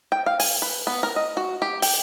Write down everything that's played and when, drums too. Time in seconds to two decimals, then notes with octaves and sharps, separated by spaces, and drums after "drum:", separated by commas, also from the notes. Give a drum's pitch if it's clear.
0.12 G5
0.26 F5
0.40 G#5, drum: open hi-hat
0.62 B4
0.87 B3
1.03 A#4
1.16 D#5
1.37 F#4
1.62 G4
1.82 G5, drum: open hi-hat